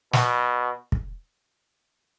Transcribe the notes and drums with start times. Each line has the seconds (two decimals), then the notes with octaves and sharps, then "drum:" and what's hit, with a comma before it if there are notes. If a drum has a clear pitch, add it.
0.13 B2, drum: snare
0.92 drum: kick